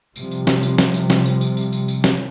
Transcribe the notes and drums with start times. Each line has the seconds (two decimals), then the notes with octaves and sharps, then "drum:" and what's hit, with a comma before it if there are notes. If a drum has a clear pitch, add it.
0.16 C3 F3 G3, drum: tambourine
0.31 drum: tambourine
0.47 drum: snare
0.63 drum: tambourine
0.78 drum: snare
0.94 drum: tambourine
1.10 drum: snare
1.26 drum: tambourine
1.41 drum: tambourine
1.57 drum: tambourine
1.73 drum: tambourine
1.88 drum: tambourine
2.04 drum: snare